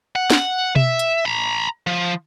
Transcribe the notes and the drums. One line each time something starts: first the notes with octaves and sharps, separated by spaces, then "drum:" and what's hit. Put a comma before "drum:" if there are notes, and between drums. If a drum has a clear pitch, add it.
F#5
drum: snare
E5, drum: tom B2
drum: hi-hat
A#5 B5
F3